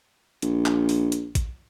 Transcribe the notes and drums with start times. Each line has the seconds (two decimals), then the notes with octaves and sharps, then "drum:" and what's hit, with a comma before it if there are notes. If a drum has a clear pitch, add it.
0.42 A#1, drum: hi-hat
0.66 drum: clap
0.89 drum: open hi-hat
1.12 drum: hi-hat
1.35 drum: kick, hi-hat